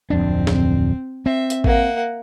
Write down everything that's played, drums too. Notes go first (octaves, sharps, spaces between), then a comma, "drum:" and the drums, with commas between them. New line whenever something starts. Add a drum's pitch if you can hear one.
D1 F2 C4 D4
drum: snare
C4 E5
drum: hi-hat
A#3 F#5, drum: kick A1